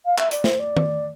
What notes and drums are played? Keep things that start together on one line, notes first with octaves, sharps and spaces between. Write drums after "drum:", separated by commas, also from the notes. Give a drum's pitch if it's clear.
F5
E5, drum: clap
D5, drum: hi-hat
C5, drum: snare
D5
drum: tom D#3